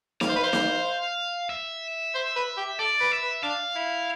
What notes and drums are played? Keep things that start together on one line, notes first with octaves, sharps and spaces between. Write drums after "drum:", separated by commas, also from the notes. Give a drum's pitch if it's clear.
F5, drum: snare
C5
B4
C5
drum: snare
E5
C5
B4
G4
A4 D5
B4
E5
B4
D4 F5
E4